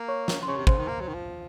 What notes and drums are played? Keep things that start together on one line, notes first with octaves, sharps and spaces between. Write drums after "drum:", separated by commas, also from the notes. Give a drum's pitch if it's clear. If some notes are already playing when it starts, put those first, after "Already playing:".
Already playing: A#3
C#5 C#6
drum: snare
C6
C#3 C#5 C#6
C3
C#3 C5 C6, drum: kick
D#3
A#3
F#3
D#3
F3